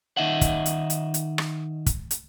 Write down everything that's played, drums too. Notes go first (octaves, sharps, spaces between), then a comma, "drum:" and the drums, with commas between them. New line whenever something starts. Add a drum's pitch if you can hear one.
D#3 D#4 D#5 E5 F#5
drum: kick, hi-hat
drum: hi-hat
drum: hi-hat
drum: hi-hat
drum: rim click
drum: kick, hi-hat
drum: hi-hat